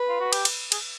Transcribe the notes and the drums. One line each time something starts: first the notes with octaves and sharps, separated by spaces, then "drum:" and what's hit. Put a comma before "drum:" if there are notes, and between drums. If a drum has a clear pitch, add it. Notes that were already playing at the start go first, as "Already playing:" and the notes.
Already playing: B4
F4
F#4
G4, drum: cymbal
drum: cymbal
G#4, drum: cymbal